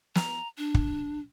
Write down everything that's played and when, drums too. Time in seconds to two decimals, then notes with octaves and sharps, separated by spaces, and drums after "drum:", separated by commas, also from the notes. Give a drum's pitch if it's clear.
0.15 A#5, drum: snare
0.58 D4
0.74 drum: kick